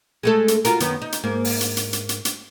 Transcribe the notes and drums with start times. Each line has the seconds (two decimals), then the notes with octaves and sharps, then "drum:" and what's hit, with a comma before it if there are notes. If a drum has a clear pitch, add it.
0.23 G#3 A3 A4
0.48 drum: hi-hat
0.65 F4 F#4 A#4, drum: hi-hat
0.80 F#2 D#3 B3, drum: hi-hat
1.02 D#4
1.12 drum: hi-hat
1.24 G#2 A#3
1.45 drum: open hi-hat
1.61 drum: hi-hat
1.77 drum: hi-hat
1.93 drum: hi-hat
2.09 drum: hi-hat
2.25 drum: hi-hat